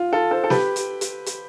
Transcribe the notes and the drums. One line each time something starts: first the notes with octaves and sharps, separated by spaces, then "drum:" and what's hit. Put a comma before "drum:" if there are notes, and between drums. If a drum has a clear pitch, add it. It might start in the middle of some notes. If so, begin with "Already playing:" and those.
Already playing: F4
F4 A4
A4 C5
A4
G4 B4, drum: snare
drum: hi-hat
drum: hi-hat
drum: hi-hat